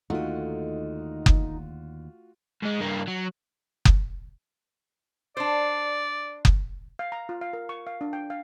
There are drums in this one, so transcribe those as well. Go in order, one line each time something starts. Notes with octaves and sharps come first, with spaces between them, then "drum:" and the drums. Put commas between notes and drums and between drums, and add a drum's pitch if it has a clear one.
D#2 D3 A3 D#4 F4 F#4
drum: kick F#1
G#2 G#3
G2 A#3
F#3
drum: kick F#1
D4 C5 D5
drum: kick F#1
F5
A#5
F4
F5
A#4
C#6
F5
D4
G5
F5